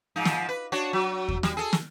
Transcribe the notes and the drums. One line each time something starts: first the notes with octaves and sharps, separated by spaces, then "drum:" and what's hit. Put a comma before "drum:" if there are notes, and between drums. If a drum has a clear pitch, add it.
G#2 F3 D#4
drum: snare
B4
D4 F#4 C#5
F#3
drum: kick E2
G3, drum: snare
G#4 A4
drum: snare